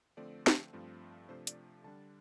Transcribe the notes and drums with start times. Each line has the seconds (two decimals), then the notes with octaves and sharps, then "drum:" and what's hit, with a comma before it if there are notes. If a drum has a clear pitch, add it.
0.17 D3 F3 A3 C4 D5
0.47 drum: snare
0.73 G2 F3 A3 C4
1.29 C3 F3 A3 D4 C5
1.47 D5, drum: hi-hat
1.84 D3 G3 D4 A5